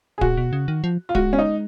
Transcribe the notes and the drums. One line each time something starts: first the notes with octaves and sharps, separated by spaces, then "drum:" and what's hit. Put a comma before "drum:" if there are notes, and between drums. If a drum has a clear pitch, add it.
G#4
A#2 F#4, drum: kick D1
B2
C#3
D#3
F3
F4
G#3 F#4, drum: kick D1
C#4
D#4